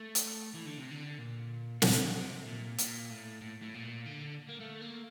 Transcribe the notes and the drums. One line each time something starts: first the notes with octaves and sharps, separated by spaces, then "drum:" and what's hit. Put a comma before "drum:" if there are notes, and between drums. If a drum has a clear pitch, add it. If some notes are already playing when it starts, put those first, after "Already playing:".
Already playing: A3
drum: hi-hat
E3
D3
C3
D3
A#2
D3, drum: snare
C3
A#2
A#2, drum: hi-hat
A2
A2
A2
A#2
D3
A#3
A3
A#3